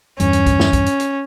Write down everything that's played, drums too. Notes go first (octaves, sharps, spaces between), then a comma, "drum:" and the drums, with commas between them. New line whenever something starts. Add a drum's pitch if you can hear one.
E2 G2 C#4, drum: hi-hat
drum: hi-hat
drum: kick, hi-hat
drum: snare
drum: kick, hi-hat
drum: hi-hat
drum: hi-hat